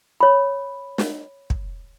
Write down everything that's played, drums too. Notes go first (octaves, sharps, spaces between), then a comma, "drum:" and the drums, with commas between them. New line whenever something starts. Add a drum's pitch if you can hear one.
C#5 B5
drum: snare
drum: kick